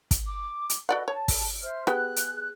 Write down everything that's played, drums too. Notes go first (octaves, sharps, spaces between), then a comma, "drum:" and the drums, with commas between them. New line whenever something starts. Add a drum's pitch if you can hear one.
drum: kick, hi-hat
D6
drum: hi-hat
F#4 A4 B4 D5 D#5 F#5
C#5 A5
drum: kick, open hi-hat
C5 E5 F6
B3 G4 G#4 F#6, drum: rim click
drum: hi-hat